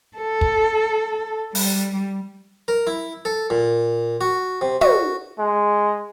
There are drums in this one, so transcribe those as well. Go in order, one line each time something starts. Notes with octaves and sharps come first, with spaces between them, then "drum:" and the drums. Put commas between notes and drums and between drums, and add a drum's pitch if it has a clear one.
A4
drum: kick
G3, drum: open hi-hat
A#4
E4
A4
A#2
F#4
C3
F#4, drum: tom
G#3